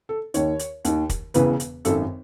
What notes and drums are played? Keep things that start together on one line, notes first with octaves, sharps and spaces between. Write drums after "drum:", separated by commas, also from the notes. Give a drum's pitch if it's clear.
A4
D#2 D#3 C#5, drum: hi-hat
drum: hi-hat
D#2 D#3, drum: hi-hat
drum: kick, hi-hat
E1 E2 C#3 E3 B4, drum: hi-hat
drum: hi-hat
G#1 F#2 D#3 A4, drum: hi-hat